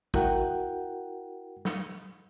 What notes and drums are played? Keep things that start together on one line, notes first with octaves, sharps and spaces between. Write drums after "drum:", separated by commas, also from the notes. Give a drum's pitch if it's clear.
E4 F#4 A#4 F#5 G5, drum: kick
drum: snare